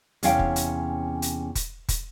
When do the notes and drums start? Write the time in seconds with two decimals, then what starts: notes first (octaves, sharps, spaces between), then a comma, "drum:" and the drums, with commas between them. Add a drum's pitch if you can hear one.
0.23 E2 C3 C#4 C#5 F5 G5, drum: hi-hat
0.39 drum: kick
0.56 drum: hi-hat
1.22 drum: hi-hat
1.55 drum: kick, hi-hat
1.89 drum: kick, hi-hat